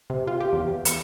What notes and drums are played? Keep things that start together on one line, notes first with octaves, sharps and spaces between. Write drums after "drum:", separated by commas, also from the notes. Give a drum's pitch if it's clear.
C3
F4
G4
E2
C#7, drum: hi-hat